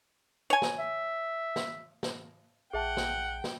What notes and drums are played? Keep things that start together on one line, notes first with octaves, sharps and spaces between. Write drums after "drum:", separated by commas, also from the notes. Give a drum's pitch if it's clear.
C#5 G#5
drum: snare
E5
drum: snare
drum: snare
A#1 G#4 E5 F#5 G5 A5
drum: snare
drum: snare